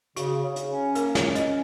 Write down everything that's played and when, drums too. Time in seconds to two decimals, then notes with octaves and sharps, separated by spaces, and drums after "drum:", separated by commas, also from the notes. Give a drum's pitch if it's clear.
0.16 C#3 F#4, drum: hi-hat
0.43 C#3
0.56 drum: hi-hat
0.69 C#4
0.95 A#3 A#4, drum: hi-hat
1.15 C#5, drum: snare
1.22 C#4
1.35 D#5, drum: hi-hat
1.47 C#4